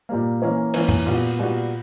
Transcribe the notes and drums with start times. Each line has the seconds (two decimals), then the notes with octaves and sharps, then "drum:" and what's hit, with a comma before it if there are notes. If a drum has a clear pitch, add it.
0.09 A#2 G3 A#3
0.42 E3 A#3 C#4
0.74 E3 A#3 C#4, drum: cymbal
0.89 drum: tom F2
1.06 A#2 G3 B3 F#4
1.39 A#2 G3 B3 F#4